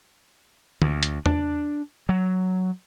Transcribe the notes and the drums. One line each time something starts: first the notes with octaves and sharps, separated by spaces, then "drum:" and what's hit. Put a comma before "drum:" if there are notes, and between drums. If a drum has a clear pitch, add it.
D2, drum: tom
drum: hi-hat
D4, drum: tom E2
F#3